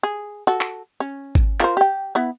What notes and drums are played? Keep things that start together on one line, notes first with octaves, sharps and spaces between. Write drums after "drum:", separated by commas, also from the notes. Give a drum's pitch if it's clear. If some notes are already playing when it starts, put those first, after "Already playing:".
G#4
F#4 A4
drum: clap
C#4
drum: kick G#1
F4 A#4 C5, drum: clap
G4 G5
B3 E4